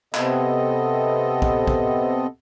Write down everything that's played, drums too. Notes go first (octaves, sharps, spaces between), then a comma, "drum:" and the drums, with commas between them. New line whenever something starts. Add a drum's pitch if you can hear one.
C3 B3 C4 A4 D#5, drum: clap
drum: kick
drum: kick